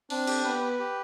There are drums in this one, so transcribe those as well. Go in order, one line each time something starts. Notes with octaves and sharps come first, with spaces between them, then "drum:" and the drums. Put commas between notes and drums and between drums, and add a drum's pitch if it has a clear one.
C4 D4, drum: open hi-hat
G4, drum: cymbal
B3 B4
B4
G4